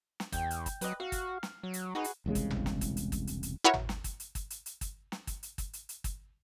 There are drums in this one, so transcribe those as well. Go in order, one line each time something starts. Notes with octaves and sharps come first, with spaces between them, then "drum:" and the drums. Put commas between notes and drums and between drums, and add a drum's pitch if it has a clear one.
drum: snare
E2 G5, drum: kick, hi-hat
drum: hi-hat
drum: kick, hi-hat
F#3 B4 D#5, drum: hi-hat
F#4 F5
drum: kick, hi-hat
drum: snare
F#3
drum: hi-hat
D#4 F#4 G#4 B4
drum: hi-hat
E1 C2 C#3 G#3
drum: kick, hi-hat
drum: tom G#1
drum: snare
drum: kick, hi-hat
drum: hi-hat
drum: kick, hi-hat
drum: hi-hat
drum: hi-hat
E4 F#4 A#4 B4 C#5
drum: tom G#1
drum: snare
drum: kick, hi-hat
drum: hi-hat
drum: kick, hi-hat
drum: hi-hat
drum: hi-hat
drum: kick, hi-hat
drum: snare
drum: kick, hi-hat
drum: hi-hat
drum: kick, hi-hat
drum: hi-hat
drum: hi-hat
drum: kick, hi-hat